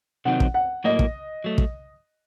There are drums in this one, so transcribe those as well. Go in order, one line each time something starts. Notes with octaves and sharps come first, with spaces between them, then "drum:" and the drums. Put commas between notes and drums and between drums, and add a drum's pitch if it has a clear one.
C3 D#3 F#3 C4 D#4 F#5
drum: kick
F#5
A2 F#3 A#3 D#5
drum: kick
F#3 A3
drum: kick